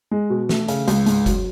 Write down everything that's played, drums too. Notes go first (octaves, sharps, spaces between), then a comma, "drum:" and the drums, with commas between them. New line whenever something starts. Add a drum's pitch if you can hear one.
G#3
B2
A3, drum: snare
C#3, drum: hi-hat
C#2, drum: hi-hat
G#2, drum: hi-hat
F#3, drum: kick F#1, hi-hat